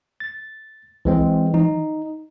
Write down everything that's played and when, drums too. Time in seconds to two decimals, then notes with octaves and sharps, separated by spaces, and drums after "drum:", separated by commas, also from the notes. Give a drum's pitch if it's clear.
0.20 A6
1.05 E3 G#3 C4, drum: kick C2
1.54 D#4, drum: tom D#3